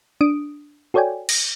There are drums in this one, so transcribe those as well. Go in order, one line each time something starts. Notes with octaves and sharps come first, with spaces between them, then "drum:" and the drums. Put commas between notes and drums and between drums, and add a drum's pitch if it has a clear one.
D4 D#6 D7
F#4 A4 C#5 D5 G5 G#5
A#6, drum: cymbal